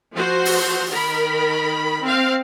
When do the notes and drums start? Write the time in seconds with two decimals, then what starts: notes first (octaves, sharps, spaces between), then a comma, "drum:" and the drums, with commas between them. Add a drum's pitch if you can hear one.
0.12 F3 F#4 C5
0.45 drum: open hi-hat
0.89 D#3 A#4 B5
2.02 C4 F5